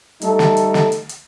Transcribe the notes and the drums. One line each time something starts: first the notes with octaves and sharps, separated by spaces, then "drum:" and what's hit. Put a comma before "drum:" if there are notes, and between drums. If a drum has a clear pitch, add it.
G3 A3 D#4 A4, drum: hi-hat
drum: snare
drum: hi-hat
drum: snare
drum: hi-hat
drum: hi-hat